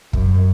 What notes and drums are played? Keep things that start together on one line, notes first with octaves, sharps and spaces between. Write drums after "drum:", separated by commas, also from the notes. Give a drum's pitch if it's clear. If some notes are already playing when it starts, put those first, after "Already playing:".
F#2, drum: kick